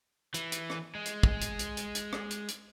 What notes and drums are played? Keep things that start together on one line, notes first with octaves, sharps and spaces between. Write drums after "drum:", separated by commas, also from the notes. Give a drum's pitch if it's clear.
E3, drum: hi-hat
drum: hi-hat
drum: rim click
G#3
drum: hi-hat
drum: kick
drum: hi-hat
drum: hi-hat
drum: hi-hat
drum: hi-hat
drum: rim click
drum: hi-hat
drum: hi-hat